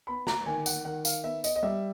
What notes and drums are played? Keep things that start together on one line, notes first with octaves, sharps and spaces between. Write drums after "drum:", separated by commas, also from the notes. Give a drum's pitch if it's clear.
B3 B5
A#5, drum: snare
D#3 G#5
F#5, drum: tambourine
D#3 F#5
F5, drum: tambourine
B3 E5
D#5, drum: tambourine
D#5
G3 E5